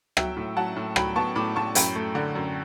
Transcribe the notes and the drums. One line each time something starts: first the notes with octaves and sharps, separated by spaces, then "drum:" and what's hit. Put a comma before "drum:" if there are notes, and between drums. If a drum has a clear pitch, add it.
F#3 E5 G5, drum: rim click
A2
F#3 F#5 A5
A2
F#3 G5 B5, drum: rim click
B3 A5 C#6
A2 B5 D6
A2 A5 C#6
F#2 G5 B5, drum: hi-hat
A3
D3
F#2